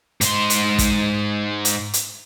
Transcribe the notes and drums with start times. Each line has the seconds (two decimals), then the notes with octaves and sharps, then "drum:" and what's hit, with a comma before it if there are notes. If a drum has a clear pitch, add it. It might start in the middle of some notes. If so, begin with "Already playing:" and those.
0.21 G#2 C6, drum: hi-hat
0.50 drum: hi-hat
0.78 drum: kick, hi-hat
1.65 drum: hi-hat
1.93 drum: hi-hat